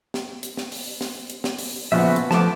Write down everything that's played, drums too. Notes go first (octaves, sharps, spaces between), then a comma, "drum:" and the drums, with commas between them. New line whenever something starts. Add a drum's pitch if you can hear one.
drum: snare
drum: hi-hat
drum: snare
drum: open hi-hat
drum: snare
drum: hi-hat
drum: snare
drum: open hi-hat
A#2 C#3 F3 B3 F#4 E5
drum: hi-hat
F3 A3 B3 A5 D6, drum: snare